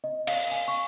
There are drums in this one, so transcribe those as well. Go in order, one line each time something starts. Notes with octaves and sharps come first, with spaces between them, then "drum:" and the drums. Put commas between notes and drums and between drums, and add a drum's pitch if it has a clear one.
D#5
F5, drum: cymbal
G#5, drum: tambourine
C#6